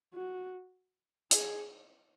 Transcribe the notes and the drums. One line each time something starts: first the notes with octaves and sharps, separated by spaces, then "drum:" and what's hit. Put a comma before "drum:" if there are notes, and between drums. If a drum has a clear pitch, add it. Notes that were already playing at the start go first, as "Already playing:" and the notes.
F#4
G#4, drum: hi-hat